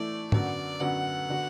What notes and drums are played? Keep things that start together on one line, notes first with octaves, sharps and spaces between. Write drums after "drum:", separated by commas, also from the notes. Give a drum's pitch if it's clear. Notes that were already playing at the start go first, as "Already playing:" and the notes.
Already playing: E3 A3 E4 D5
F#2 D3 B3 F#4 D5, drum: tom
F#2 D3 B3 F#4 F#5
D3 B3 F#4